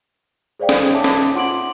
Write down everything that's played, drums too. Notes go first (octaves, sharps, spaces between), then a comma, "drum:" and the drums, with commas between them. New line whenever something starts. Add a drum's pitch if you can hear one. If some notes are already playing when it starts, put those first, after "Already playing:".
G#4 C5 D5 F5 G5
drum: snare
C#5 E5 A5 D6
drum: snare
F4 F#5 C6 D6 D7 F#7